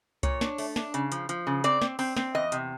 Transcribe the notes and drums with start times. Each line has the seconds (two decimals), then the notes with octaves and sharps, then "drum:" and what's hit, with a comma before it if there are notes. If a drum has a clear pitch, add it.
0.23 A#2 C#5, drum: kick C2, hi-hat
0.41 D4, drum: snare
0.58 A3, drum: open hi-hat
0.76 D4, drum: snare
0.94 C#3, drum: hi-hat
1.12 F3, drum: hi-hat
1.29 F3, drum: hi-hat
1.47 C#3
1.64 C4 D5, drum: hi-hat
1.82 C4, drum: snare
1.99 C4, drum: open hi-hat
2.16 C4, drum: snare
2.35 E2 D#5
2.52 C3, drum: hi-hat